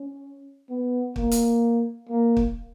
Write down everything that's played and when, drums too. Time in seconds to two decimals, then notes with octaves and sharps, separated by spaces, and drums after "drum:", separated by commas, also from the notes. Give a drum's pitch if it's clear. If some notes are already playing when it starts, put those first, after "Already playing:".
Already playing: C#4
0.69 B3
1.16 A#3, drum: kick
1.32 drum: hi-hat
2.09 A#3
2.37 drum: kick